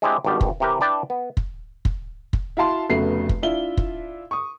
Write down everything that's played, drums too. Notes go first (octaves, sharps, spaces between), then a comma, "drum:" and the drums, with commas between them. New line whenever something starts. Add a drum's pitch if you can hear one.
G#3 C4 D4 E4 G4
G#1 G2 B2 G4 D5 F5
drum: kick
C3 E3 G4 A#4 B4
D4 E4 B4 D5 G5 A5
B3
drum: kick
drum: kick
drum: kick
E4 F#4 F5 A5 C6
F1 C#3 A3 B3 F#4 C7
drum: kick
D4 E4 F4 E5 G7
drum: kick
C#6 D#6